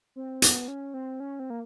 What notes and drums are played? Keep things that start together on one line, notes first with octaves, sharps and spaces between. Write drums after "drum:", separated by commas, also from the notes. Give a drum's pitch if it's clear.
C4
B3, drum: hi-hat
C#4
C4
C#4
C4
A#3